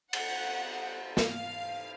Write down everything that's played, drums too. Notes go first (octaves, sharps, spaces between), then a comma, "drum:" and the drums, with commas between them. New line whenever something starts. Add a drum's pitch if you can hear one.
F#5, drum: cymbal
F5, drum: snare